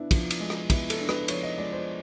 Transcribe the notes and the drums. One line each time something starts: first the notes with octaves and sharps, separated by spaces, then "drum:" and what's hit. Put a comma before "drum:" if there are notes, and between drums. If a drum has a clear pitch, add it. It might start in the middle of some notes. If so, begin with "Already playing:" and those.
Already playing: B3 D4 E4
F3, drum: kick, cymbal
drum: cymbal
G#3
drum: rim click
B3 E4, drum: kick, cymbal
A4, drum: cymbal
D4
B4, drum: rim click
F3 C#5, drum: cymbal
D#5
G#3 D5
C5